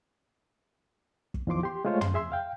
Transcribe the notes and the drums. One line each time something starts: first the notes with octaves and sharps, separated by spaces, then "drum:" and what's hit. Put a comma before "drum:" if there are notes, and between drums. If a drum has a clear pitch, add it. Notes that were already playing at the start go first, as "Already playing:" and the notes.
drum: kick
E2 D#3 F3 C6 D6
G4 C6
G#3 A3 F4 C5 C#5
C6, drum: tom
G#4 E5 C6 E6
F5 G5